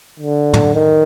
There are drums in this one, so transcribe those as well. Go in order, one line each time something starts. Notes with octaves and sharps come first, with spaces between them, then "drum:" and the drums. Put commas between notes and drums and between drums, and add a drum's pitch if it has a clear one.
D3
drum: tom
D#3